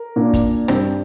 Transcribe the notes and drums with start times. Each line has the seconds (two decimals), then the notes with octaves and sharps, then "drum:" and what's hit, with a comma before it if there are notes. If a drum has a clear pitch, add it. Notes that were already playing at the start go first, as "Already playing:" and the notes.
Already playing: A#4
0.16 A#2 A#3 D4
0.33 drum: kick, hi-hat
0.68 G2 G3 C4, drum: rim click